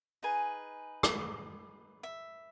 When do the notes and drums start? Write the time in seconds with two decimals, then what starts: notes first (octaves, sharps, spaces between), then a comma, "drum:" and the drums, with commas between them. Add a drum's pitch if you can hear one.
0.23 D#4 G#4 B4 G#5
1.03 drum: rim click
2.03 E5